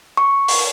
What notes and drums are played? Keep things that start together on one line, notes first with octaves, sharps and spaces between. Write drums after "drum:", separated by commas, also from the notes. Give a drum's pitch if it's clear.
C#6
drum: open hi-hat